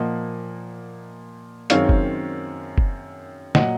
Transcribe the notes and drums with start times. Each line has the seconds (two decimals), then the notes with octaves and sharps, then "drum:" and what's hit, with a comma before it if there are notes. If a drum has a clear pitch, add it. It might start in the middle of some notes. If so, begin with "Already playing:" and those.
Already playing: A#2 F3 A#3 D#5 F#5
1.70 F#2 D#3 G#3 C4 C#5 F5, drum: hi-hat
1.89 drum: kick F#1
2.78 drum: kick F#1
3.55 A#2 F#3 D#5 F#5, drum: snare